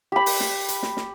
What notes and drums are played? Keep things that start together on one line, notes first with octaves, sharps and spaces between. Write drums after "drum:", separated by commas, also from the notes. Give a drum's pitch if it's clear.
G4 B5
drum: open hi-hat
drum: snare
drum: hi-hat
drum: snare
drum: snare